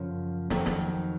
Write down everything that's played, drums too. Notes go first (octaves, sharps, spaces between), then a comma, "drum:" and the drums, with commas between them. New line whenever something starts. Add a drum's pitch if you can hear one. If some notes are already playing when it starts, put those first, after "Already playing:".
Already playing: F#2 C#3 F3 C#4
F2 D#3 F#3, drum: snare
drum: snare